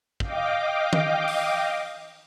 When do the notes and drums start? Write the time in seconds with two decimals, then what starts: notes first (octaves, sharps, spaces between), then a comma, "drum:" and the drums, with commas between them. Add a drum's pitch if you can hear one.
0.20 D#5 F5 G5 D6, drum: kick
0.93 drum: tom D#3
1.28 drum: open hi-hat